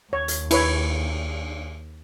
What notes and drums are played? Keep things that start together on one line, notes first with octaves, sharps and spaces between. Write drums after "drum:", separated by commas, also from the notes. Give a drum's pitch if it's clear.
D#2 C#5
drum: hi-hat
E4 B4 C#5, drum: cymbal